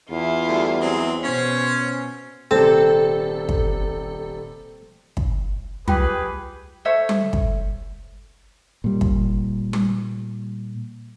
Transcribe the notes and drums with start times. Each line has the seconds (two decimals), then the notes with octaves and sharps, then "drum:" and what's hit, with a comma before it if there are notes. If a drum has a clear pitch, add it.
0.10 E2 E4 F4
0.47 D2 G3
0.80 F#3 G#3 C4
1.24 B2 C#4 C5
2.51 D#1 C3 C4 A4
3.49 drum: kick
5.17 drum: kick
5.88 F4 G4 G#4 B4 G5, drum: tom
6.85 A4 C5 C#5 E5
7.09 drum: tom G3
7.33 drum: kick
8.84 A#2 G3
9.01 drum: kick
9.73 drum: tom G3